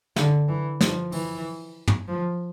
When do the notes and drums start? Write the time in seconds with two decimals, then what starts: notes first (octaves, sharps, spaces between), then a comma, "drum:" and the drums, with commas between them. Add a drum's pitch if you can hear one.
0.16 D3, drum: snare
0.48 E3
0.81 F3, drum: snare
1.12 E3, drum: open hi-hat
1.87 drum: tom
2.08 F3